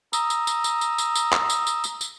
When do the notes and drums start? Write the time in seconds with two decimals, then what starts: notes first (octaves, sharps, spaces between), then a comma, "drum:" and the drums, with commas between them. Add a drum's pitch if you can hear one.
0.13 A#5 D#6 E6, drum: tambourine
0.30 drum: tambourine
0.47 drum: tambourine
0.64 drum: tambourine
0.81 drum: tambourine
0.98 drum: tambourine
1.15 drum: tambourine
1.33 drum: clap
1.50 drum: tambourine
1.67 drum: tambourine
1.84 drum: tambourine
2.01 drum: tambourine